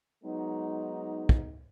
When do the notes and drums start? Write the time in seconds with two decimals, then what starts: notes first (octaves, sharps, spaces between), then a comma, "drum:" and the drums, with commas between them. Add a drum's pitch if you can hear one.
0.24 F#3 G#3 B3 D#4
1.29 drum: kick